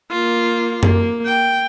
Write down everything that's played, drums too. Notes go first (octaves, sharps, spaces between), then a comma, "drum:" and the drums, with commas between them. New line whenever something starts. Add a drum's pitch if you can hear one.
A#3 F4
A#3, drum: tom F#2
G5